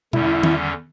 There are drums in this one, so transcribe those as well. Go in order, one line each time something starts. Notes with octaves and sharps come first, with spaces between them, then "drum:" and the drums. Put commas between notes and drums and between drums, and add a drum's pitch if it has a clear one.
E2 D3 G3 C#4 E4, drum: tom B2
drum: tom D#3